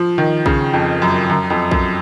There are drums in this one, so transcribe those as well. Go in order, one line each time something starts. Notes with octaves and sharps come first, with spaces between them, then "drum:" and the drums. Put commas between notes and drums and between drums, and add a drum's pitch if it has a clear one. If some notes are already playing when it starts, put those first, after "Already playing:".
Already playing: F3
D#3
C#3, drum: kick A#1
F2
F#2
F#2, drum: tom C#3
F2
F#2, drum: kick A#1